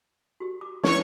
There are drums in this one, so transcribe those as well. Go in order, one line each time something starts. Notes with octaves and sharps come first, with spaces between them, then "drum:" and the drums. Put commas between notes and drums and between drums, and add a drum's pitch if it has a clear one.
F#4 G4
D6
D#4 E4 B4 C#5 C#6, drum: snare